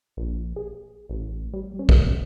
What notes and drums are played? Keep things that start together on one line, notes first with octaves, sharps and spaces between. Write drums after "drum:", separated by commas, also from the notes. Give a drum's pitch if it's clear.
A#1
G#4
A1
G3
C#4
drum: kick